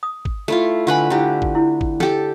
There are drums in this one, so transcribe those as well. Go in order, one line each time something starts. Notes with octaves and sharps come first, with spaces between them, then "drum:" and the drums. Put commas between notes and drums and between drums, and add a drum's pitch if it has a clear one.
D#6
drum: kick
A3 E4 F4
D3 F4 G4 B4 G#5 B5
D3 C#4 E4 G4
drum: kick
E4
drum: kick
G4 A4, drum: snare